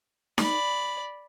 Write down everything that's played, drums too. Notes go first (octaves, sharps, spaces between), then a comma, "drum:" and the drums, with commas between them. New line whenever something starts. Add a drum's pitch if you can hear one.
D5 B5, drum: snare D#4